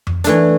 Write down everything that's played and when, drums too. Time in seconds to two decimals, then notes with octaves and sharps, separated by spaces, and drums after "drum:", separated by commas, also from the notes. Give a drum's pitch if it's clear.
0.07 drum: tom F2
0.24 E3 A3 D4, drum: hi-hat